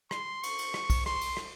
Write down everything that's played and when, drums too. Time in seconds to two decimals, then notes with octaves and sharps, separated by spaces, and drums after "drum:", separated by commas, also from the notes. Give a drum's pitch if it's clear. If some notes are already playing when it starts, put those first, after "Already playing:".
0.11 C6, drum: rim click
0.43 C#6, drum: cymbal
0.58 drum: cymbal
0.74 drum: rim click
0.90 drum: kick, cymbal
1.06 C6, drum: rim click
1.21 drum: cymbal
1.37 drum: rim click